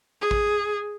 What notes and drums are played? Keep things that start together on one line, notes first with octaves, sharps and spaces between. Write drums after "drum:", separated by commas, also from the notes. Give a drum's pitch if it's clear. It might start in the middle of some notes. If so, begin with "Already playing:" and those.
G#4
drum: kick A1